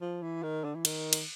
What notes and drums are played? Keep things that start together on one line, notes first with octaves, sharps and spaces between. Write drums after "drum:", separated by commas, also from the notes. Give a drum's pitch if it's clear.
F3
E3
D#3
D3
E3
D#3, drum: cymbal
drum: cymbal